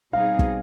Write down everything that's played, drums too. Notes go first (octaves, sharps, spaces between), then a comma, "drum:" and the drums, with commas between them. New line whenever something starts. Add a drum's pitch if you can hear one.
B2 G3 C4 D#4 G#4 F5
drum: kick